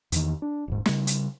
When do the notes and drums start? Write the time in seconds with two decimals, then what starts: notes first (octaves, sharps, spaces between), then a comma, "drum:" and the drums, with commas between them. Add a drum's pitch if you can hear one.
0.12 E2 D#3, drum: hi-hat
0.42 D4
0.68 D#1 G#2
0.86 C#3 G3, drum: snare
1.07 drum: hi-hat